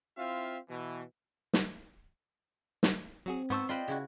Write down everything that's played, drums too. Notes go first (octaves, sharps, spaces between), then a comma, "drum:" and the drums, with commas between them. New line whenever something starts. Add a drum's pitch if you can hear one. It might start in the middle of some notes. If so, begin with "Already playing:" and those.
C4 E4 F4 E5 F5
B2 E3
drum: snare
drum: snare
F#3 C4 F#4 G#4
G#2 B3 C5 A5 C#6 E6
F4 B4 C5 D5 D#5 G5 B5 C6
C#3 E4 F#4